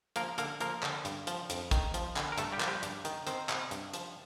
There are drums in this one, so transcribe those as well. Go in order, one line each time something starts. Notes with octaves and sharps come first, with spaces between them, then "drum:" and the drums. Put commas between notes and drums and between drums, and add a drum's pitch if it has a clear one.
F3 A#3 A#4, drum: hi-hat
D3 A#3 A#4, drum: hi-hat
F3 A#3 A#4, drum: hi-hat
D3, drum: clap
G2, drum: hi-hat
F3, drum: hi-hat
F2, drum: hi-hat
D#3, drum: kick, hi-hat
F3, drum: hi-hat
D3, drum: clap
A#4
G2 A3 A4, drum: hi-hat
G3 G4
F3, drum: clap
G3 G4
G2, drum: hi-hat
D#3, drum: hi-hat
D#3 C4 C5, drum: hi-hat
C3, drum: clap
G2, drum: hi-hat
F3, drum: hi-hat